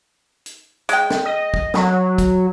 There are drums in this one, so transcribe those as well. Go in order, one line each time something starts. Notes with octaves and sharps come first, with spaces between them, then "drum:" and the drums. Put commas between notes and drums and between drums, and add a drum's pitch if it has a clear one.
drum: hi-hat
G#3 G5, drum: hi-hat
drum: snare
D#5
drum: kick
F#3, drum: snare
drum: kick, hi-hat